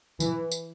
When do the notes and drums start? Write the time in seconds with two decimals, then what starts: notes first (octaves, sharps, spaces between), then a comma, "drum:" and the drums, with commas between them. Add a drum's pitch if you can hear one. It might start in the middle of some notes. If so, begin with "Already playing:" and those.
0.20 E3, drum: tambourine
0.52 drum: tambourine